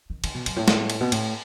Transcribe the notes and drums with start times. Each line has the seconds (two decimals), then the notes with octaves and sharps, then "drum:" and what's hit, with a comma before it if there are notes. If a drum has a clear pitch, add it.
0.10 D#3
0.24 D#3, drum: cymbal
0.35 B2
0.46 F#2, drum: cymbal
0.56 A2
0.68 drum: snare
0.90 drum: cymbal
1.00 B2
1.12 A2, drum: cymbal